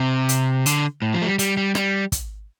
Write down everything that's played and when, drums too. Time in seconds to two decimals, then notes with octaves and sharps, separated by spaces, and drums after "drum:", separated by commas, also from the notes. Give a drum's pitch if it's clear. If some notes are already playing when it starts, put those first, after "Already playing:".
Already playing: C3
0.29 drum: hi-hat
0.66 D3, drum: hi-hat
1.02 A2
1.14 F3
1.22 A3
1.27 G3
1.39 G3, drum: hi-hat
1.57 G3
1.75 G3, drum: rim click
2.12 drum: kick, hi-hat